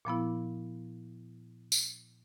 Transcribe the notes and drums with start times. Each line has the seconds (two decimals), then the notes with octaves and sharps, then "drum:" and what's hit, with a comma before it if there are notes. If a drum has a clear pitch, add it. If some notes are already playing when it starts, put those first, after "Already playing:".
0.05 A#2 F3 B3 E4
1.72 drum: tambourine